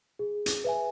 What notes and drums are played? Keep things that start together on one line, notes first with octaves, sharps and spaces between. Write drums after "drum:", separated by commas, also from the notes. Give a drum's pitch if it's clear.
G#4
drum: hi-hat
B4 E5 G#5